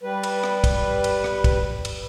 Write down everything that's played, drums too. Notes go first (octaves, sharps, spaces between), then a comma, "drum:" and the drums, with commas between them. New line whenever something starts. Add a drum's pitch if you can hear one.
G3 B4
drum: cymbal
drum: rim click
drum: kick, cymbal
drum: cymbal
drum: rim click
drum: kick, cymbal
drum: cymbal